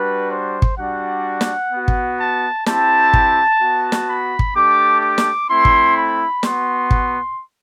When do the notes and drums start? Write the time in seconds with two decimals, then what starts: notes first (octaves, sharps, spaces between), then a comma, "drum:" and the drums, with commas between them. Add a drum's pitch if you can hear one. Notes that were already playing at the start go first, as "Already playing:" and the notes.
Already playing: G3 D4 F#4 B4
0.31 C5
0.62 drum: kick
0.78 G3 D4 F#4 F#5
1.41 drum: snare
1.73 B3 F#4
1.88 drum: kick
2.19 A5
2.66 C4 E4 G4 A5, drum: snare
3.13 drum: kick
3.60 B3 F#4
3.92 drum: snare
4.08 B5
4.39 drum: kick
4.55 A3 D4 G4 D6
5.01 D6
5.18 drum: snare
5.49 A3 C4 E4 C6
5.65 drum: kick
5.97 B5
6.43 B3 F#4 C6, drum: snare
6.91 drum: kick